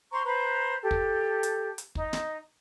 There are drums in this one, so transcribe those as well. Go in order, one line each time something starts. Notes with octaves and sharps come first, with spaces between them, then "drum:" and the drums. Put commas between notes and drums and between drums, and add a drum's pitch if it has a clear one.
C5 A#5 C6 C#6
B4 C5 A#5
G4 A4
drum: kick
drum: hi-hat
drum: hi-hat
D#4, drum: kick
drum: snare